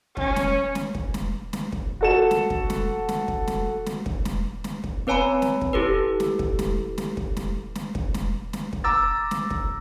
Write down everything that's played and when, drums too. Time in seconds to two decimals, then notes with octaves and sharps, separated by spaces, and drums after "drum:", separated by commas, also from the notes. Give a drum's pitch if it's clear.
0.17 C#4, drum: kick
0.36 drum: snare
0.75 drum: snare
0.95 drum: kick
1.14 drum: snare
1.53 drum: snare
1.72 drum: kick
2.01 F#4 A4 E7
2.31 drum: snare
2.50 drum: kick
2.70 drum: snare
3.09 drum: snare
3.28 drum: kick
3.47 drum: snare
3.86 drum: snare
4.06 drum: kick
4.25 drum: snare
4.64 drum: snare
4.84 drum: kick
5.07 C4 B4 C#5 G#5 A#5 B5
5.42 drum: snare
5.61 drum: kick
5.73 E4 G4 A4 B4
6.20 drum: snare
6.39 drum: kick
6.59 drum: snare
6.98 drum: snare
7.17 drum: kick
7.37 drum: snare
7.75 drum: snare
7.95 drum: kick
8.14 drum: snare
8.53 drum: snare
8.73 drum: kick
8.84 A#5 D6 E6 A6
9.31 drum: snare
9.51 drum: kick